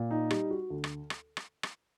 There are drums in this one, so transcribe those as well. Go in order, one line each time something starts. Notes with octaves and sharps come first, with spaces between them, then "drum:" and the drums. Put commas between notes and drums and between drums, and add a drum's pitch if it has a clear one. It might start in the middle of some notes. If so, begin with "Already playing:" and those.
Already playing: A#2
D#4
G3, drum: rim click
F#4
D2
drum: rim click
drum: rim click
drum: rim click
drum: rim click